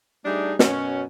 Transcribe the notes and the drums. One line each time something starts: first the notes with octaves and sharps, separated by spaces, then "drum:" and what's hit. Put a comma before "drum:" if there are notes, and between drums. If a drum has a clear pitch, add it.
G3 A3 D4 D#4 G#4
F#2 B2 C#4, drum: snare